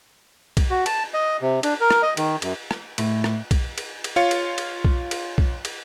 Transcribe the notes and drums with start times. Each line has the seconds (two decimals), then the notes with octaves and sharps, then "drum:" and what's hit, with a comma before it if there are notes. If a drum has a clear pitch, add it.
0.57 drum: kick B1, cymbal
0.70 F#4
0.86 A5, drum: cymbal
1.14 D#5
1.42 C3
1.63 D4, drum: cymbal
1.81 A#4
1.91 drum: rim click
2.02 D#5
2.17 D#3, drum: cymbal
2.42 F#2, drum: cymbal
2.71 drum: rim click
2.98 A2, drum: cymbal
3.24 drum: rim click
3.51 drum: kick B1, cymbal
3.78 drum: cymbal
4.04 drum: cymbal
4.16 F4 C#5 F5 C#7
4.31 drum: cymbal
4.58 drum: cymbal
4.85 drum: kick B1
5.11 drum: cymbal
5.38 drum: kick B1
5.65 drum: cymbal